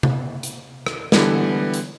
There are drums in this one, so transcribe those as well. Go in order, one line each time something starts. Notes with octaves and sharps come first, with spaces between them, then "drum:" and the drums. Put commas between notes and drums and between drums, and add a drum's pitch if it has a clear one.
drum: tom C3
drum: hi-hat
drum: rim click
D3 E3 G3 B3, drum: snare
drum: hi-hat